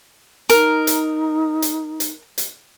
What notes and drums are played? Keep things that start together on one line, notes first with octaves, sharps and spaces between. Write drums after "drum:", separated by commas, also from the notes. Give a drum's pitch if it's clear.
D#4 A#4, drum: hi-hat
drum: hi-hat
drum: hi-hat
drum: hi-hat
drum: hi-hat